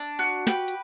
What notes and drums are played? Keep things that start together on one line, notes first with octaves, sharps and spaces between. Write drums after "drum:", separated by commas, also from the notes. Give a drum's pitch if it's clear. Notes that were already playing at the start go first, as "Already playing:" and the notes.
Already playing: D4
F#4
G4 B4, drum: snare
drum: hi-hat